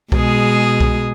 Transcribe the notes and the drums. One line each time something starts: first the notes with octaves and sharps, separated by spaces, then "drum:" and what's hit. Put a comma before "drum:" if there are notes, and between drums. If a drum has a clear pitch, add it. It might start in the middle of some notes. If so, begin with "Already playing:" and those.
B2 G#3 G#4, drum: kick B1
drum: kick B1